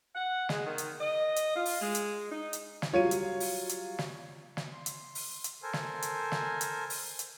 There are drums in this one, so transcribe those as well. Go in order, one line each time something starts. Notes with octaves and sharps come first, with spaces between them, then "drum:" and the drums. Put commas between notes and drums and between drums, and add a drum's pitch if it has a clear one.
F#5
G#3, drum: snare
D#3
drum: hi-hat
D#5
drum: hi-hat
F4
drum: open hi-hat
G#3
drum: hi-hat
D#4
drum: hi-hat
drum: snare
F#3 G3 F4 C#5 D#7
drum: hi-hat
drum: open hi-hat
drum: hi-hat
drum: snare
drum: snare
C6
drum: hi-hat
drum: open hi-hat
drum: hi-hat
A4 A#4 C5 G#5
drum: snare
drum: hi-hat
drum: snare
drum: hi-hat
drum: open hi-hat
drum: hi-hat